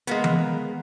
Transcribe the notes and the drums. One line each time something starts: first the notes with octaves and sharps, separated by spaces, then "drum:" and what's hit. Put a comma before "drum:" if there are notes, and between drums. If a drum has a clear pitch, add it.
G#3 A#3 B3, drum: hi-hat
drum: tom E3